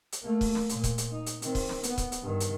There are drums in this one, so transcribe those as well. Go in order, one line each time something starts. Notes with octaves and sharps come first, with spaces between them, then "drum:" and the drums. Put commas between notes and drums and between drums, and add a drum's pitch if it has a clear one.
drum: hi-hat
A3 A#3
drum: kick, open hi-hat
drum: snare
A#2, drum: hi-hat
drum: kick, hi-hat
drum: hi-hat
D#4
drum: hi-hat
D#3 C4, drum: hi-hat
drum: kick, open hi-hat
drum: snare
B3, drum: hi-hat
drum: kick, hi-hat
drum: hi-hat
G2 D#3
drum: hi-hat